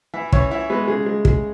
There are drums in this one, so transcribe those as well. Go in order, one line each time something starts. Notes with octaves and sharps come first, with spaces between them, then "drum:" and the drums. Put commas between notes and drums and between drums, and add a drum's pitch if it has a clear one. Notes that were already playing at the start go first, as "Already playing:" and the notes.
E3 E4 E5
E3 C#4 C#5, drum: kick
E3 E4 E5
G#3 B3 B4
C#3 G#3 G#4
G#3
G#3, drum: kick